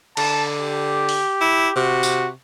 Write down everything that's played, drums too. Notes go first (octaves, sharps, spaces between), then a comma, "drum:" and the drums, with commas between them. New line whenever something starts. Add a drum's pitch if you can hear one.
D3 A5, drum: cymbal
G4
drum: open hi-hat
E4
C3 F#4
drum: tambourine